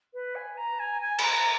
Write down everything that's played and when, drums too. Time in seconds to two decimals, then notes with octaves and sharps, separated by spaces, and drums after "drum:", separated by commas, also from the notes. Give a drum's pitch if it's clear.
0.13 B4
0.35 G#5
0.57 A#5
0.79 G#5
1.01 G#5
1.18 B5, drum: cymbal
1.24 A#5